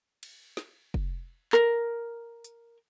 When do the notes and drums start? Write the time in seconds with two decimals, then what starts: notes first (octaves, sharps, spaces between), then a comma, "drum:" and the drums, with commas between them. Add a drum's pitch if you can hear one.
0.23 drum: cymbal
0.57 drum: snare
0.94 drum: kick
1.53 A#4, drum: clap
2.44 drum: hi-hat